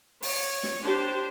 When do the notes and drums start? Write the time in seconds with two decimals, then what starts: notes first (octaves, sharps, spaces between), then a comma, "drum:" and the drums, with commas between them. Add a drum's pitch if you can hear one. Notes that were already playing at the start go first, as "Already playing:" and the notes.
0.22 C#5, drum: open hi-hat
0.63 drum: snare
0.82 D4 G4 C5